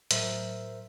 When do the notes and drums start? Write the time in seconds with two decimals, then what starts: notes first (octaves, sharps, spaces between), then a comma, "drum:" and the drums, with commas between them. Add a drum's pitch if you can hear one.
0.11 A2 F#3 A#4 C5 E5, drum: hi-hat